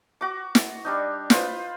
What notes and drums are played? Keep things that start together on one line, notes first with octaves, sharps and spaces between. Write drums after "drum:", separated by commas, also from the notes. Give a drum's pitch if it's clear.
F#4 D6
drum: snare
G3 D4 D#4
F4 B4 C5 D#6, drum: snare